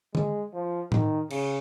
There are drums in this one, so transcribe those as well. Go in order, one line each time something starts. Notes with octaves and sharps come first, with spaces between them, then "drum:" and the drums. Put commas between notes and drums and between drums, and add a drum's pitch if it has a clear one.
G#3, drum: tom D3
F3
D#3, drum: tom A2
C#3, drum: cymbal